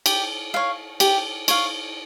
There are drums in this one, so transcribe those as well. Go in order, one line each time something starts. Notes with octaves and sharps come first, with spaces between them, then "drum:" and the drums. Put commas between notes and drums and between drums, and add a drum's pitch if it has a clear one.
G4, drum: cymbal
C#5 F5
G4, drum: cymbal
C#5 F5, drum: cymbal